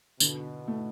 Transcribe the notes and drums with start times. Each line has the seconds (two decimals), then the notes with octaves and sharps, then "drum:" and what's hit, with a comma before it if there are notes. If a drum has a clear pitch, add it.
0.20 B2 D3, drum: tambourine
0.68 A3